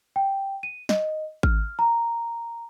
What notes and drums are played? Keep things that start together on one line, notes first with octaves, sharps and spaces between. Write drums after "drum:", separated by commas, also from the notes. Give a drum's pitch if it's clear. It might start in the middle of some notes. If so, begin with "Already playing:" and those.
G5
D#7
D#5, drum: snare
F6, drum: kick G#1
A#5